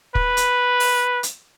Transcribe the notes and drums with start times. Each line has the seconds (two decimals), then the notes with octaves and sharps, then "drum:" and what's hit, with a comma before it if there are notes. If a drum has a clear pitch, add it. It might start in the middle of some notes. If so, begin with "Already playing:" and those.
0.15 B4, drum: kick
0.37 drum: hi-hat
0.80 drum: open hi-hat
1.23 drum: hi-hat